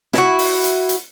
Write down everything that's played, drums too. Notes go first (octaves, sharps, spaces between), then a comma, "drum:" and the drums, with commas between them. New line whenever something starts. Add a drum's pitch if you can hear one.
E4 F#4, drum: snare
drum: open hi-hat
drum: hi-hat
drum: hi-hat